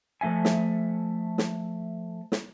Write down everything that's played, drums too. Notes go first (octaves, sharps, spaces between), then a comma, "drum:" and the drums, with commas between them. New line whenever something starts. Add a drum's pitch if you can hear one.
F3 A3 D4 E5 G#5
drum: snare
drum: snare
drum: snare